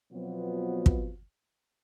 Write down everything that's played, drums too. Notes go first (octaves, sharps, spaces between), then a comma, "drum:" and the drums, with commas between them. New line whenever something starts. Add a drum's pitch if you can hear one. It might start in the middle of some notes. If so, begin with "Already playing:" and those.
B2 F3 F#3 B3 C4 F4
drum: kick